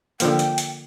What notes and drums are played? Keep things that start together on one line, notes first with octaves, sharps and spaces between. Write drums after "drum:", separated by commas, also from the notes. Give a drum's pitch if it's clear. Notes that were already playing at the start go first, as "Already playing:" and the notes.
D3 F3 A#3 G5, drum: hi-hat
drum: hi-hat
drum: hi-hat